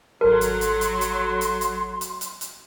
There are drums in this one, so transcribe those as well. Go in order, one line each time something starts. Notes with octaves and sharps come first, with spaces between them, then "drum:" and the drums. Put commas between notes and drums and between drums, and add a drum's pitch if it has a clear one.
G#1 F#3 A4 A#4 C6
drum: hi-hat
drum: hi-hat
drum: hi-hat
drum: hi-hat
drum: hi-hat
drum: hi-hat
drum: hi-hat
drum: hi-hat
drum: hi-hat